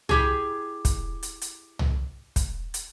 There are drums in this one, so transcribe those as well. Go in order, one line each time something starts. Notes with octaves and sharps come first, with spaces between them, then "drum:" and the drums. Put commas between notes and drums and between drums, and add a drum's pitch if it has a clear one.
E4 G4 G#4, drum: tom
drum: kick, hi-hat
drum: hi-hat
drum: hi-hat
drum: tom
drum: kick, hi-hat
drum: hi-hat